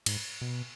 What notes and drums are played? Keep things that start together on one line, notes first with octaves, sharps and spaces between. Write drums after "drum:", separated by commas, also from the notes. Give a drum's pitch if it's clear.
G#2, drum: cymbal
B2